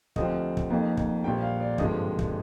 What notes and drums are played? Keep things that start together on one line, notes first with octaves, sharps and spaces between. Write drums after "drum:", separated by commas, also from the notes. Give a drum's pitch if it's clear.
D2 C3 F3 C4 D#5, drum: kick
drum: kick
F1 F2 D#3 A#3
drum: kick
A#1 A#2 G3 A#3 G5
F5
D5
G#1 G2 D3 F3 G#3 D#5, drum: kick
drum: kick